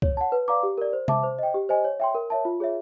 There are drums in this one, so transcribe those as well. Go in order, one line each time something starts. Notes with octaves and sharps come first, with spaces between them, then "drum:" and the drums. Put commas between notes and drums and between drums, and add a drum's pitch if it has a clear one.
C#5, drum: kick C#2
F#5 A5
B4
D5 F5 A#5 D6
G4
A#4 D5
C5
E5 A5 D6, drum: tom C3
C5
D#5 G5
G4
C5 D#5 G#5
C#5
E5 G5 C6
A#4
C#5 E5 A5
F4
G#4 C#5 E5